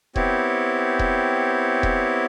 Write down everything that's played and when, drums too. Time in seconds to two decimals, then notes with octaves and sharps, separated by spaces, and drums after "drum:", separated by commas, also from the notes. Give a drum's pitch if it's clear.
0.16 B3 C4 E4 G4 C#5, drum: kick E1
0.99 drum: kick E1
1.83 drum: kick E1